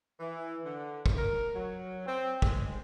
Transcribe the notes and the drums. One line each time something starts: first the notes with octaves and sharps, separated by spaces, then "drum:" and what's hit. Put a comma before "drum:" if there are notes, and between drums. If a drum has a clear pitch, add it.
E3
D3
drum: kick
A#4
F#3
C4
G#3, drum: kick